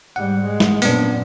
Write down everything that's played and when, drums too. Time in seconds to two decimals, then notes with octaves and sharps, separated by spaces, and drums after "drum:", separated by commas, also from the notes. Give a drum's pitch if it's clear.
0.16 G#2 G3 F#5
0.45 G#3
0.60 drum: snare
0.82 F#2 A#2 B3 C4 D4, drum: open hi-hat